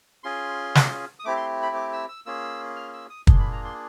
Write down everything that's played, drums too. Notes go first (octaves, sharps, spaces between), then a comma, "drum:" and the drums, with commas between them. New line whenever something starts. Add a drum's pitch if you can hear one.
C#4 F4 G#4 C6
drum: snare
D#6
A3 C4 E4 G4 D6
C6
B5
D6
E6
E6
A#3 C#4 F4 G#4 E6
F6
E6
D#6
A#3 D4 F4 G#4 C6, drum: kick
B5
A#5
C6